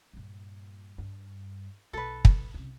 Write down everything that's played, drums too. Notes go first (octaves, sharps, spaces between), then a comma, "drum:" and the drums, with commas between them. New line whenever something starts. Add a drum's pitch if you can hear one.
G2 A#2
G2
B1 A4 B4
drum: kick
C2 C#3